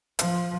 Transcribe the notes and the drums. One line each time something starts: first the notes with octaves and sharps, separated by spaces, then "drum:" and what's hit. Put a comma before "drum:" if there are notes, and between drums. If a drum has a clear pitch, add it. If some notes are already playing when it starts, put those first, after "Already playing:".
F3, drum: hi-hat